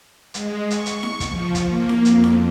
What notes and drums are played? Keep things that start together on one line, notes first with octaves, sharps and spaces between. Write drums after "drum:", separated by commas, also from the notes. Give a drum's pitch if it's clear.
G#3, drum: hi-hat
C#6, drum: hi-hat
drum: hi-hat
drum: snare E4
drum: kick, hi-hat
F3
drum: kick, hi-hat
A#3
drum: snare E4
F2, drum: hi-hat
drum: snare E4